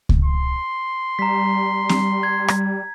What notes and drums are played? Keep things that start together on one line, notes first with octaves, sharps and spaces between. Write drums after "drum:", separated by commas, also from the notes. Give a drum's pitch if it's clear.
drum: kick C#2
C6
G3 A#5 B6
drum: snare C4
G#6
drum: rim click